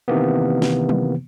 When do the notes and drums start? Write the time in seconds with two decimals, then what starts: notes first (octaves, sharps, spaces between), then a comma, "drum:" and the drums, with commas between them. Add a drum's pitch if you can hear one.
0.08 C3 D#3 E3 A#3 B3
0.62 drum: snare
0.89 drum: tom F#3